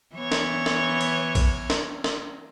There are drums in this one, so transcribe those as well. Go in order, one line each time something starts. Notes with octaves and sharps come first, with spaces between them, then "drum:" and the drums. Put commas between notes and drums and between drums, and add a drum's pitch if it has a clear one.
E3 B3 C#5
drum: snare
drum: snare
drum: cymbal
drum: kick A#1, cymbal
drum: snare
drum: snare